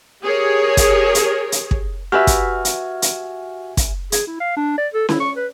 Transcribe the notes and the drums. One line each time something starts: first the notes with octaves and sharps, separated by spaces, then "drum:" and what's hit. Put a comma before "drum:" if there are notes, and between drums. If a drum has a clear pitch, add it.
G4 G#4 A#4 C#5
drum: kick, hi-hat
drum: hi-hat
drum: hi-hat
drum: kick
F#4 G4 B4 E5 G#5 F6
drum: kick, hi-hat
drum: hi-hat
drum: hi-hat
drum: kick, hi-hat
G#4, drum: hi-hat
E4
F5
D4
D5
A4
E4, drum: snare C#4
C#6
B4